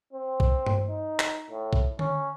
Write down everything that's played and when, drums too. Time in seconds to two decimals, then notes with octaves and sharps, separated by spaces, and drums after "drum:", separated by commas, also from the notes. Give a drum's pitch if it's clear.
0.13 C4
0.40 drum: kick
0.66 drum: tom G2
0.88 D#4
1.20 drum: clap
1.51 A2
1.73 drum: kick
1.99 C#4, drum: tom D3